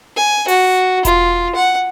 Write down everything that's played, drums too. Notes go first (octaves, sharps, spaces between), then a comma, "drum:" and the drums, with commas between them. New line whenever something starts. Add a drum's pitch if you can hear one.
G#5
F#4, drum: open hi-hat
F4, drum: kick E1, hi-hat
F#5